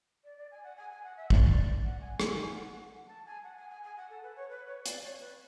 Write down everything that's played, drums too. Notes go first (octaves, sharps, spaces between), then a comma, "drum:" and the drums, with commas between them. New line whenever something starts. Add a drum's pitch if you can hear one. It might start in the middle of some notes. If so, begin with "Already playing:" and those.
D5
D5
G#5
F#5
G#5
G#5
F#5
E5
D5, drum: kick
F#5
G#5
G#5, drum: rim click
G#5
F#5
F#5
A5
G#5
F#5
G#5
G#5
G#5
F#5
A4
B4
C#5
B4
C#5
D5, drum: hi-hat
C#5
B4